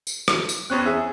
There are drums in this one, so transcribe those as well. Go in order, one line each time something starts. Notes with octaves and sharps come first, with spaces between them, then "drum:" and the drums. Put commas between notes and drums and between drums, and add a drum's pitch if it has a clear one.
drum: tambourine
drum: rim click
drum: tambourine
E2 C4 C#4 F#6
G#4 E5